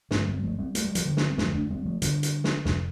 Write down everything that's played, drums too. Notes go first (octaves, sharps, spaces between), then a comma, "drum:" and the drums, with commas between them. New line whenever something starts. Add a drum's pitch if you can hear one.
G2 D3 F3 A3, drum: snare
G3 C4
F3 A3
G3 C4
A3, drum: hi-hat
G3
F3, drum: hi-hat
D3 G3
drum: snare
C4
F2 D3 F3 A3, drum: snare
A3 D4
G3 C4
F3 A3
D3 G3, drum: hi-hat
drum: hi-hat
drum: snare
F2 C3, drum: snare